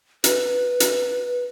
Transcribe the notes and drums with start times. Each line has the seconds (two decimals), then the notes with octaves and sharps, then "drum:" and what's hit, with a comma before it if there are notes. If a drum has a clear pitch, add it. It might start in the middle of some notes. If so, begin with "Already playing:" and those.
0.24 B4, drum: hi-hat
0.80 drum: hi-hat